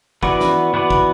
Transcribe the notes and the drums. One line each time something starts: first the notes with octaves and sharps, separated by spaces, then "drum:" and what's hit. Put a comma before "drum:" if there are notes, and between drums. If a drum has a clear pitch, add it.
E3 B3 F#4 B4 D5, drum: kick
drum: snare C#4
E3 B3 F#4 B4 D5
drum: kick